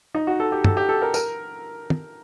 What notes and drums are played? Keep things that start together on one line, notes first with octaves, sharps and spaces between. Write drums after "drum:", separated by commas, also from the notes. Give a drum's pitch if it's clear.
D#4
F#4
A4
G4
A4, drum: tom
G4
A4
A#4
A#4, drum: tambourine
drum: tom